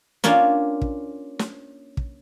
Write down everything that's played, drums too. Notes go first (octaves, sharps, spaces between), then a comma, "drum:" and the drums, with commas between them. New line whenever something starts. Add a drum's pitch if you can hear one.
A#3 C#4 D4 F4, drum: snare
drum: kick
drum: snare
drum: kick